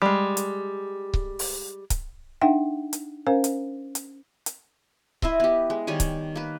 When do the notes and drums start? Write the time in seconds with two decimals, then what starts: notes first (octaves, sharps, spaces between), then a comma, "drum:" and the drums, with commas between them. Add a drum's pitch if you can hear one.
0.02 G3 G#3
0.37 drum: hi-hat
1.14 drum: kick C#1
1.39 drum: open hi-hat
1.90 drum: kick C#1, hi-hat
2.41 D4 D#4 E5 F#5 G5
2.93 drum: hi-hat
3.27 C#4 A#4 C5 F5 G#5
3.44 drum: hi-hat
3.95 drum: hi-hat
4.46 drum: hi-hat
5.22 E4 D#5 E5 C6, drum: kick C#1
5.40 B3 G4
5.70 G#3
5.87 D#3 G3 C#5 G#5
6.00 drum: kick C#1, hi-hat
6.35 A#3 B4